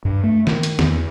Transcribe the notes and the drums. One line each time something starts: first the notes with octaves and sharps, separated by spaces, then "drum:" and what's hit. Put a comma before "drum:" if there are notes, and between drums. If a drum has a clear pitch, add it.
G2
A3
D#3, drum: snare
drum: hi-hat
E2, drum: snare